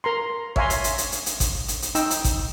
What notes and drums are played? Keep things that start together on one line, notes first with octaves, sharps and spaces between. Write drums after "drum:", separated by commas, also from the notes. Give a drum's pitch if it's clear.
A#4 A#5 C6
C#5 E5 F5 G#5 A#5 C6, drum: kick
drum: hi-hat
drum: hi-hat
drum: hi-hat
drum: hi-hat
drum: hi-hat
drum: kick, hi-hat
drum: hi-hat
drum: hi-hat
D#4 G5 E6, drum: hi-hat
drum: hi-hat
drum: kick, hi-hat